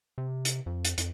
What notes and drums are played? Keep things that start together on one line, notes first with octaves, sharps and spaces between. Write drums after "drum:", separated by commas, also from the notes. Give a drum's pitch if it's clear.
C3
drum: hi-hat
F2
drum: hi-hat
F2, drum: hi-hat